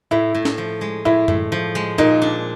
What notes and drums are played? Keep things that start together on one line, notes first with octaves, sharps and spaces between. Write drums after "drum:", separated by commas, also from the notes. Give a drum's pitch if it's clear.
A2 E4
A2
drum: snare
F3
G#3
A2 E4
A2, drum: tom F#2
F3
G#3
A#2 D#4
D4